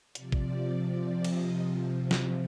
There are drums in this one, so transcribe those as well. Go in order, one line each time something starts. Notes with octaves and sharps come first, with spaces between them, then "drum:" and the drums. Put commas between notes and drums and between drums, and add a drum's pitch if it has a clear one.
C3 F3 D5, drum: hi-hat
drum: kick
D5
D#5, drum: cymbal
drum: snare